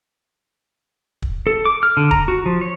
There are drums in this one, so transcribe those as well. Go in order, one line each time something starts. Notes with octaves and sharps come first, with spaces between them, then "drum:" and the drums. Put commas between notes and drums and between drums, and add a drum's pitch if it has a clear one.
drum: kick
A4
D6
F6
D3
A#5, drum: kick
F#4
F3
C#5